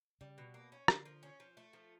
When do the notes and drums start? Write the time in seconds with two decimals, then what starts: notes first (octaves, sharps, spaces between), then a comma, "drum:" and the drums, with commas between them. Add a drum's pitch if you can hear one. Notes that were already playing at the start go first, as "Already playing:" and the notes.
0.21 C#3 G3
0.38 B2
0.54 A#3
0.72 C#4
0.88 D3 A#3, drum: rim click
1.05 F3
1.23 C#4
1.40 F3
1.57 A3
1.73 F3